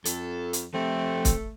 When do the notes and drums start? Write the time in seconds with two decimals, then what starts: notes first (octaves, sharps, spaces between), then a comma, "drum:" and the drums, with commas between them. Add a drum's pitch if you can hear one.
0.05 F2 A4, drum: hi-hat
0.53 drum: hi-hat
0.74 F3 A3 C4 G4
1.25 drum: kick, hi-hat